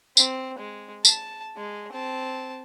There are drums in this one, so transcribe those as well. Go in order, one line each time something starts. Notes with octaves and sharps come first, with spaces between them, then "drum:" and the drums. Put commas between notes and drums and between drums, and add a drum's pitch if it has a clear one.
C4, drum: tambourine
G#3
A5, drum: tambourine
G#3
C4 A5